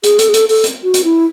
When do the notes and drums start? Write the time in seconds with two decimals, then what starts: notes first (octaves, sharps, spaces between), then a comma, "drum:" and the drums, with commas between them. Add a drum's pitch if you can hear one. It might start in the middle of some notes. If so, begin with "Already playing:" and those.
0.04 G#4, drum: hi-hat
0.19 A4, drum: hi-hat
0.29 G#4
0.34 A4, drum: hi-hat
0.49 A4, drum: open hi-hat
0.64 drum: hi-hat
0.84 F#4
0.94 drum: hi-hat
1.04 E4